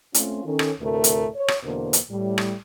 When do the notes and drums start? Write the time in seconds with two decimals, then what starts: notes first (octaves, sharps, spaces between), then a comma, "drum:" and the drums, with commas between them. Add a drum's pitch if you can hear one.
0.14 A3 C4 C#4 F4, drum: hi-hat
0.45 D#3 C#4 A4
0.59 drum: rim click
0.80 D2 A2 C3 A3 A#4
1.04 drum: hi-hat
1.34 C#5
1.48 drum: rim click
1.63 E2 B2 D3 A#3 A#4 C5
1.93 drum: hi-hat
2.10 A2 G3
2.38 drum: rim click